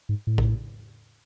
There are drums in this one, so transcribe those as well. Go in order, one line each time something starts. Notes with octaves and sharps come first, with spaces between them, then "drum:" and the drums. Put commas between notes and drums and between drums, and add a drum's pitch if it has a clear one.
G#2
A2
drum: kick A#1